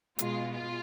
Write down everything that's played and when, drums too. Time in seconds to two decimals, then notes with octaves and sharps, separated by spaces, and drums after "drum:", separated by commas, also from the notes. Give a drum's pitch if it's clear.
0.19 B2 G#3 F4, drum: hi-hat
0.52 F4